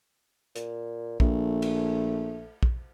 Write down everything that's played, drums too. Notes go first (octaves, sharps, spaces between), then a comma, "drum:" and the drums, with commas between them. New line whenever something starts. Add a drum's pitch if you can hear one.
A#2, drum: hi-hat
A#1 A3, drum: kick A#1
drum: cymbal
drum: kick A#1